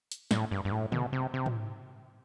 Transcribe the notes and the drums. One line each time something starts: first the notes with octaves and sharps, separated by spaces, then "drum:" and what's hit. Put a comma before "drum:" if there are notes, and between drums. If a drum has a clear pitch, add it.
drum: hi-hat
A2, drum: snare
G2
G2
A2
B2, drum: tom
C3
C3
drum: tom